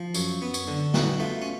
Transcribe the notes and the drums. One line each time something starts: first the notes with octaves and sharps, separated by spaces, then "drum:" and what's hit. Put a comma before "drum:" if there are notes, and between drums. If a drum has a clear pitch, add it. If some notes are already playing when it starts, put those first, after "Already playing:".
Already playing: F3
F#2 C#5, drum: tambourine
B3
C#5, drum: tambourine
D3
B2 F#4, drum: snare
A3 F4
C#4